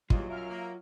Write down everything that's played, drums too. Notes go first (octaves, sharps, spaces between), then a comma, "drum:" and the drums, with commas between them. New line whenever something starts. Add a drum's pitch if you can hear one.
B1 E2 A#2 F#3 G3 F4 F#4 D#5, drum: kick
F#2 A#4 E5 F5 F6
A#3